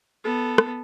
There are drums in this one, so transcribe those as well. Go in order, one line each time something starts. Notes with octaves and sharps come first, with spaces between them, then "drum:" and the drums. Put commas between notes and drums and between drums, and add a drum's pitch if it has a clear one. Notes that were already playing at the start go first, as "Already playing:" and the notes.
B3 A4
drum: rim click